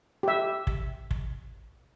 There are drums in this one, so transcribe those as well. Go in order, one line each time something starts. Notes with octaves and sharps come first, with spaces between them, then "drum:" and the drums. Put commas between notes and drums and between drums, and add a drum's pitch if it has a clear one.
G4 E5
drum: kick
drum: kick